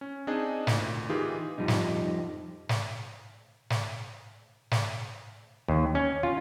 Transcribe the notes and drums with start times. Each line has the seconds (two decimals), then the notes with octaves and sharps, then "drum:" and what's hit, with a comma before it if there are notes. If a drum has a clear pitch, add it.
0.01 C#4
0.27 C4 D4 D#4 G#4 D#5 G#5
0.67 D2 A#2, drum: snare
1.09 D#3 E3 D#4 F4 G4 G#4
1.58 F2 F3 G3 D#4
1.68 drum: snare
2.69 drum: snare
3.70 drum: snare
4.71 drum: snare
5.68 D#2
5.95 C#4
6.23 F4